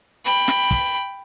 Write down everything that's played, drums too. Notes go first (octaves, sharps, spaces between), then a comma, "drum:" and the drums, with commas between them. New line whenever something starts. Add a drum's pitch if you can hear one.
G5 B5
drum: snare
drum: kick